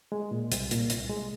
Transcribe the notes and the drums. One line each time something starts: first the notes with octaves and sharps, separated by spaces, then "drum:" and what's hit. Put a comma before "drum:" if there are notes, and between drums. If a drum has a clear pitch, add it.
G#3
A#2
C2, drum: hi-hat
A#2, drum: hi-hat
C2, drum: hi-hat
G#3